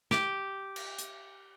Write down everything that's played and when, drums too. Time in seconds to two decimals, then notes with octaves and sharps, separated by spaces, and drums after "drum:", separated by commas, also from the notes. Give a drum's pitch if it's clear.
0.11 G4, drum: snare
0.76 drum: cymbal
0.99 drum: hi-hat